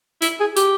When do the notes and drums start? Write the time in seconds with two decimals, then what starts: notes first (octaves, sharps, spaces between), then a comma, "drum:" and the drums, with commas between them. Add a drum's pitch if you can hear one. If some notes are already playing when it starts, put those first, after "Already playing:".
0.22 E4, drum: hi-hat
0.40 G#4
0.56 G4, drum: hi-hat